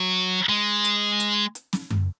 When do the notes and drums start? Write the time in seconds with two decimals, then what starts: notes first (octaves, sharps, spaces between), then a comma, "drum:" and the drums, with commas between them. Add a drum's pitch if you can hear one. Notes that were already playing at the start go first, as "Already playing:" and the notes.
Already playing: F#3
0.49 G#3
0.84 drum: hi-hat
1.20 drum: hi-hat
1.55 drum: hi-hat
1.73 drum: snare
1.90 drum: tom F#2